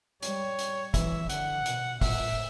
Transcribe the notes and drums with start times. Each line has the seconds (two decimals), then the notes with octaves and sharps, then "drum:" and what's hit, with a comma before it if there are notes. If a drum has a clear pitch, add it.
0.22 G3 C#5, drum: hi-hat
0.59 drum: hi-hat
0.94 E3 E5, drum: kick, hi-hat
1.29 D3 F#5, drum: hi-hat
1.66 B2, drum: hi-hat
2.01 A2 E5, drum: kick, open hi-hat